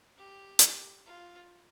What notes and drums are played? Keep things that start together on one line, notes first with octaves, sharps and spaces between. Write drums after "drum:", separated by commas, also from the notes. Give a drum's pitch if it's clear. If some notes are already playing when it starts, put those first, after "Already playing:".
G4
drum: hi-hat
F4